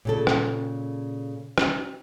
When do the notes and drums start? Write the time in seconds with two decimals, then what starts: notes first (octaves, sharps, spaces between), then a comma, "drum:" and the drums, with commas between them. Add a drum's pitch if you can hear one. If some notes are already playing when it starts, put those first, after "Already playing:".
0.05 A#2 C#3 A4
0.27 drum: rim click
1.58 drum: rim click